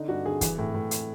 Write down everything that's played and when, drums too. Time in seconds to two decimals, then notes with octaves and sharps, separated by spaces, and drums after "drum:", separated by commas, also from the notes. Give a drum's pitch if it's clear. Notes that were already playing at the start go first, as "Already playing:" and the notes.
Already playing: D3 D#4
0.08 G2 F#4
0.26 D3 G#4
0.41 E3, drum: kick, hi-hat
0.58 A2
0.74 A2
0.91 drum: hi-hat